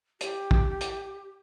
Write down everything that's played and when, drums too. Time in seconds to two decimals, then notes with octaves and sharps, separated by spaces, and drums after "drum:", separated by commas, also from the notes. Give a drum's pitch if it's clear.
0.21 G4, drum: hi-hat
0.51 drum: kick
0.81 drum: hi-hat